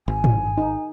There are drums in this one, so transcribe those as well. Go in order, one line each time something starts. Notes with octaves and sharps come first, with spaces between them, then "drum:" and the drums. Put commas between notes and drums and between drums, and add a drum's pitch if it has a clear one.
G#1 G#5
drum: tom
D#4